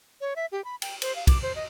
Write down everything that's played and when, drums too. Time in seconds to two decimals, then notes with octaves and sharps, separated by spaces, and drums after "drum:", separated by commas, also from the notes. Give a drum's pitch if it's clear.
0.21 C#5
0.36 E5
0.52 G4
0.65 B5
0.82 G5, drum: cymbal
1.02 C5, drum: cymbal
1.16 F5
1.27 D6, drum: kick B1, cymbal
1.43 C5
1.56 D#5